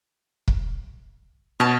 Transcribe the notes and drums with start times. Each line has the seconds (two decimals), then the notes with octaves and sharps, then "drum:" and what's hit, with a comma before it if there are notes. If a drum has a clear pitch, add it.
0.48 drum: kick
1.60 B2 C#5 A5